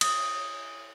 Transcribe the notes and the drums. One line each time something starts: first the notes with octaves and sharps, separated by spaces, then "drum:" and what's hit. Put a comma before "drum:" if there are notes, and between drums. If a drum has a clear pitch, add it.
D#6, drum: cymbal